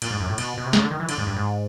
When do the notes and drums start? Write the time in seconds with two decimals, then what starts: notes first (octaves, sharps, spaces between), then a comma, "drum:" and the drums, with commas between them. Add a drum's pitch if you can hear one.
0.02 A#2, drum: cymbal
0.11 G#2
0.20 F#2
0.28 A2
0.38 B2, drum: cymbal
0.58 B2
0.65 C3
0.73 C#3, drum: snare
0.82 D3
0.91 D#3
1.00 E3
1.09 D3, drum: cymbal
1.18 G#2
1.27 G2
1.36 G#2